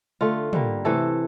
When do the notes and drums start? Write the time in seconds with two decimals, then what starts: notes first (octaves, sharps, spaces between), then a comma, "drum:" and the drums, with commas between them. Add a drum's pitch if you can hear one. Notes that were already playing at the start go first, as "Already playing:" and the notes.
0.21 D3 A3 F4
0.53 D3 G3 A#3, drum: tom
0.85 C3 E3 A3 A4